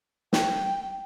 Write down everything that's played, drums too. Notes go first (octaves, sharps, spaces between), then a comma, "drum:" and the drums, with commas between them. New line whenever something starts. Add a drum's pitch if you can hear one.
G5, drum: snare